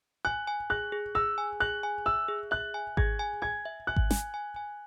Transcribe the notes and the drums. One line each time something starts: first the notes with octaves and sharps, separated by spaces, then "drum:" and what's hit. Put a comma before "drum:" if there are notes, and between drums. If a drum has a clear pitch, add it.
G#5 F#6
G#5
G#4 F#6
G#4
G#4 E6
G#5
G#4 F#6
G#5
E5 E6
G#4
E5 F#6
G#5
G#4 G#6, drum: kick G#1
G#5
G#5 G#6
E5
G#5 F#6
drum: kick G#1
G#5, drum: snare
G#5
G#5